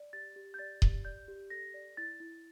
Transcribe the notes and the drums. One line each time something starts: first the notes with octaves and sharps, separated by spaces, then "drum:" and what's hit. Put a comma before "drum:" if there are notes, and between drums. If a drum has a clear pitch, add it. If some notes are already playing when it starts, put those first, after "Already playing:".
Already playing: D5
G4 A6
G4
G6
D5 A6
G4, drum: kick D#1
D5 G6
G4
A4 A#6
D5
E4 A6
E4